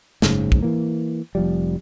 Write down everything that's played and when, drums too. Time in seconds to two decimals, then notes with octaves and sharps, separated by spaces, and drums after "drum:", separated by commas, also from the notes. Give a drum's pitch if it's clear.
0.22 F#1 G#2 C#3, drum: snare
0.52 drum: kick
0.63 E3 A#3
1.35 F1 F3 G3